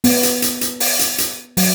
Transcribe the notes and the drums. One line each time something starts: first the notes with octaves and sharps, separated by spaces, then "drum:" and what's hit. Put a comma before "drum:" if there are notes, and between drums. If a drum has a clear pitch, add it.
B3, drum: open hi-hat
drum: hi-hat
drum: hi-hat
drum: hi-hat
drum: open hi-hat
drum: hi-hat
drum: hi-hat
F#3, drum: open hi-hat